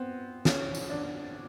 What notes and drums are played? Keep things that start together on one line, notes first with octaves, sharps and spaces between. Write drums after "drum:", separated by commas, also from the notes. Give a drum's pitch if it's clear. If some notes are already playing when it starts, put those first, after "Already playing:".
Already playing: B3 C4
C#4, drum: snare
drum: tambourine
D4